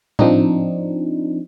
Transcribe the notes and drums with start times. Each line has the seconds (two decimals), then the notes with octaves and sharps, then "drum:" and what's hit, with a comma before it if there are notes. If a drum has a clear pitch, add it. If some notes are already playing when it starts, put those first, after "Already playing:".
0.19 F3 C4 D4 D#4, drum: tom A2